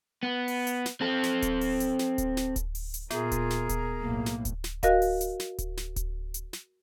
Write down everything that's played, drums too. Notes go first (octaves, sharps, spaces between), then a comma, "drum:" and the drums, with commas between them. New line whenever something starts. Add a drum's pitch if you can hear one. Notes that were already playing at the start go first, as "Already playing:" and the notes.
B3
drum: open hi-hat
drum: hi-hat
drum: snare
C4 A4
drum: snare
drum: kick D1, hi-hat
drum: open hi-hat
drum: hi-hat
drum: snare
drum: kick D1, hi-hat
drum: snare
drum: kick D1, hi-hat
drum: open hi-hat
drum: hi-hat
A#2 B3 F4 G#4 A#4 A#5, drum: snare
drum: kick D1, hi-hat
drum: snare
drum: kick D1, hi-hat
B1 A2 A#3
drum: snare
drum: kick D1, hi-hat
drum: snare
F#4 A#4 D#5 F5, drum: kick D1, hi-hat
drum: open hi-hat
drum: hi-hat
drum: snare
drum: kick D1, hi-hat
drum: snare
drum: kick D1, hi-hat
drum: hi-hat
drum: snare